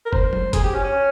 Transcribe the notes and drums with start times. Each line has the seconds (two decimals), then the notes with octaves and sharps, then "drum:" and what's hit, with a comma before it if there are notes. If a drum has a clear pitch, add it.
0.05 A#4
0.13 C5, drum: kick F#1
0.33 drum: tom F#3
0.53 G#4, drum: kick F#1, hi-hat
0.64 G4
0.74 C#4
0.84 C#4